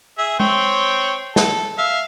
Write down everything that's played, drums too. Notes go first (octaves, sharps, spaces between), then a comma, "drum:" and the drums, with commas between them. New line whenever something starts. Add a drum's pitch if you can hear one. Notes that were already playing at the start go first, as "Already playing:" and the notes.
G#4 E5
C4 C#5 G5, drum: tom G#3
A4, drum: snare
E5 F5